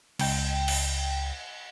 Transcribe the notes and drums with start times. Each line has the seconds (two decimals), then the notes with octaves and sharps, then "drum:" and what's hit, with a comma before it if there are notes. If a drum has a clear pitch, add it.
0.19 C#2 G5, drum: cymbal
0.68 drum: cymbal